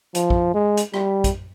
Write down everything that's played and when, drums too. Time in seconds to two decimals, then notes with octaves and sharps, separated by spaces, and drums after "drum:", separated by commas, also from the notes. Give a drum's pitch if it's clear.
0.15 F3, drum: hi-hat
0.30 drum: kick
0.54 G#3
0.77 drum: hi-hat
0.94 G3, drum: rim click
1.24 drum: kick, hi-hat